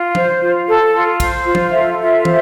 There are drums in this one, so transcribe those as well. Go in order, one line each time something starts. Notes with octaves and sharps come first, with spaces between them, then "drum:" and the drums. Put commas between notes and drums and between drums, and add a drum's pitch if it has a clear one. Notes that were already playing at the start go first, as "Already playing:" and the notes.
Already playing: F4
C5, drum: tom F3
F4
A4
F4
C5, drum: kick, cymbal
F4
drum: tom F3
A4 E5
F4 E5
C5, drum: tom